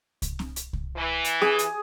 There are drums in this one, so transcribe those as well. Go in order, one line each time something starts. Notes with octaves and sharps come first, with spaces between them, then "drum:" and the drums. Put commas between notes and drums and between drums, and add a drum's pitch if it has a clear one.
drum: kick C2, hi-hat
drum: snare
drum: hi-hat
drum: kick C2
E3
drum: hi-hat
G#4, drum: snare
drum: hi-hat